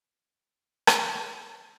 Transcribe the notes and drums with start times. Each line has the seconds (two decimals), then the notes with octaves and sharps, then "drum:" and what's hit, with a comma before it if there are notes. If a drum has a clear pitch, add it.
0.12 F4 G5
0.87 drum: rim click